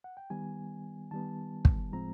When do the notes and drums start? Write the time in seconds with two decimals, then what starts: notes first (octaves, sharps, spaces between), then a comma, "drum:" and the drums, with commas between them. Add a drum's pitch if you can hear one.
0.04 F#5
0.17 G5
0.30 D#3 G3 B3 G#5
1.11 D#3 G3 B3 A5
1.65 drum: kick
1.92 A2 F3 G#3 C4 A#5